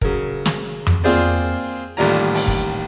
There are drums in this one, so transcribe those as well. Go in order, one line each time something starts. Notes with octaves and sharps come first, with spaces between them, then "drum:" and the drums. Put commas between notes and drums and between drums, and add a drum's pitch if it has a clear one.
C#3 F#3 A#4, drum: kick
drum: snare
drum: tom F2
A#3 C4 F4 G#4 C5 D5
A1 D#2 G3 F4 D5 A#5
drum: open hi-hat
drum: kick